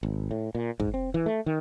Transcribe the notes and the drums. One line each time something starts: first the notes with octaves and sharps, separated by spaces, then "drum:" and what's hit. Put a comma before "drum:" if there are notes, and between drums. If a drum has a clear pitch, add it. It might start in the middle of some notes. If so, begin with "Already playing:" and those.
G#1
A2
A#2
G#2, drum: kick
C4
E3
A3
D#3